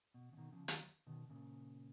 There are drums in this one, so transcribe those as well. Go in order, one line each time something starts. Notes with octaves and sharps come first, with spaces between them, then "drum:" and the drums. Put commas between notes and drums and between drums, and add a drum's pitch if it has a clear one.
B2
C#3
B2 D#3
C#3 F3
D#3 F#3, drum: hi-hat
B2 D#3
A#2 C#3